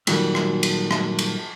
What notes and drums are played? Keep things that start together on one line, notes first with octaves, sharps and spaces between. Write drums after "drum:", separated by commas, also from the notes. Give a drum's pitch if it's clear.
G2 A#2 D#3 F#3 G3 A#3, drum: cymbal
drum: rim click
drum: cymbal
drum: rim click
drum: cymbal